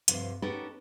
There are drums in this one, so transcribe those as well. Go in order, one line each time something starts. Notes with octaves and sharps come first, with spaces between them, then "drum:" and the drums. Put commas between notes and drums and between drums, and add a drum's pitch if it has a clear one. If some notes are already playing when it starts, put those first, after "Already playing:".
D2 G2 C3 F3, drum: hi-hat
B3 C#4 D#4 G4 A4 A#4